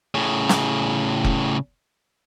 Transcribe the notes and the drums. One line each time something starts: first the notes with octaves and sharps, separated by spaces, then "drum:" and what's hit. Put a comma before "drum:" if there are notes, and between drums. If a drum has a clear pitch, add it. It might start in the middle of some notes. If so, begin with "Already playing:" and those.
A2 C#3
drum: snare
drum: kick F1